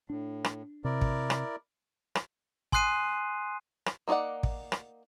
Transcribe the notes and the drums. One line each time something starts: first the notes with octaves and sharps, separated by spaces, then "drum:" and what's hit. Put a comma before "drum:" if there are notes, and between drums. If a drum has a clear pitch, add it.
A2 D4
drum: rim click
C3 E4 A#4 D5
drum: kick
drum: rim click
drum: rim click
G#5 C6 D#6 F#6 C7 D#7, drum: kick
drum: rim click
A#3 D#4 G#4 D5 F#5
drum: kick
drum: rim click